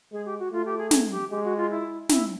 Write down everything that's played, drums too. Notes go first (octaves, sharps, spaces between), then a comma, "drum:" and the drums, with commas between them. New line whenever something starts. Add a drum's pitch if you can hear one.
G#3 G#4
G4
F#4
A3 F4
G4
G#4
G#4, drum: snare
G4
G#3 G4
F#4
F4
E4
E4, drum: snare